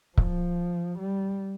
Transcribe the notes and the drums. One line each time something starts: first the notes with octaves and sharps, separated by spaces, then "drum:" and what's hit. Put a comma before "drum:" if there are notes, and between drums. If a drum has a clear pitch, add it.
F3, drum: kick C#1
G3